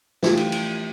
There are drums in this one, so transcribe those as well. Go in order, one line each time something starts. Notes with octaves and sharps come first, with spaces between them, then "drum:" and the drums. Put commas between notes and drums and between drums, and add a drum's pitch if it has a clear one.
E3 A3 E4 F4 G4, drum: snare
drum: cymbal
drum: cymbal